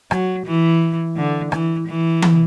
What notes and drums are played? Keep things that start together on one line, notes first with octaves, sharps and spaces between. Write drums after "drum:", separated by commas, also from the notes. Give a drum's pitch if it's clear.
F#3, drum: rim click
E3
D3
E3, drum: rim click
E3
drum: tom E3